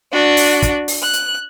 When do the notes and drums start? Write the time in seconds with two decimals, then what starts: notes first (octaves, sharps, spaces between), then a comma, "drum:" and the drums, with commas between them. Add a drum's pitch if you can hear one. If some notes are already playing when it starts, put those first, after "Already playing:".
0.12 D4 F#4
0.37 drum: open hi-hat
0.62 drum: kick, hi-hat
0.88 drum: open hi-hat
1.03 F#6
1.13 drum: hi-hat